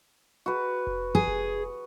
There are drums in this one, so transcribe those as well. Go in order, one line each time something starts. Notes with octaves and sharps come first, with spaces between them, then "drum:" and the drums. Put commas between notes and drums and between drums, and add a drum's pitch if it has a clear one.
F#4 B4
drum: kick F1
G#4
drum: kick F1